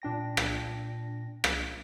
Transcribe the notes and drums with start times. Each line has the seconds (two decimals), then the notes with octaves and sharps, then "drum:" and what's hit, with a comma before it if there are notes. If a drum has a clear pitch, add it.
0.02 A#2 D4 G5 A#6
0.37 drum: rim click
1.44 drum: rim click